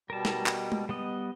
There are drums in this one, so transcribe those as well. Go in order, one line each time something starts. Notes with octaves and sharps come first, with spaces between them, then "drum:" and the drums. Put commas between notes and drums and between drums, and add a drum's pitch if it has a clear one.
B2 G3 A#4 A5
drum: snare
drum: clap
drum: tom G#3
G3 B3 D#5